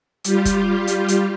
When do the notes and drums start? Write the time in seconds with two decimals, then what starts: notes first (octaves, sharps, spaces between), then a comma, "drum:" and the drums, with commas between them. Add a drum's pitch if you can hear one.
0.24 G3 F4 G4, drum: hi-hat
0.45 drum: kick, hi-hat
0.87 drum: hi-hat
1.08 drum: hi-hat